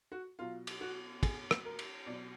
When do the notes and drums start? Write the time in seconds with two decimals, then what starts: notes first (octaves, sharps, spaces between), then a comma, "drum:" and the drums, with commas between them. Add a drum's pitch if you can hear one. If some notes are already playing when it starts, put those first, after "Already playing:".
0.12 F#4
0.39 B2 F#3 F4
0.67 drum: cymbal
0.81 F#4
1.23 G#4, drum: kick, cymbal
1.51 drum: rim click
1.65 A#4
1.79 drum: cymbal
2.06 B2 F#3 D5